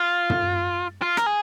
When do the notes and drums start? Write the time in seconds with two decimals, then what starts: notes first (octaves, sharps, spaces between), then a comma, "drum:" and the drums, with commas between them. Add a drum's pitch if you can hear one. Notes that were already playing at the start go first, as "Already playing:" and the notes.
Already playing: F4
0.30 drum: tom
1.02 F4
1.17 A#4, drum: rim click
1.26 G#4